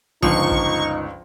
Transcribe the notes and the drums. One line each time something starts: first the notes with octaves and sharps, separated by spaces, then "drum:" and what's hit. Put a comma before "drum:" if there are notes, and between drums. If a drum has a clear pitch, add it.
G1 C#2 F3 D#4 C#6, drum: kick
drum: kick